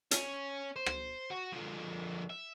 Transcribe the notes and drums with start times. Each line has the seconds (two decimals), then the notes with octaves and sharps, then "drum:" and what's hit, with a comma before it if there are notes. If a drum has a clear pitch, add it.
0.11 C#4, drum: hi-hat
0.76 C5
0.86 drum: rim click
1.31 F#4
1.53 D3 F3
2.30 E5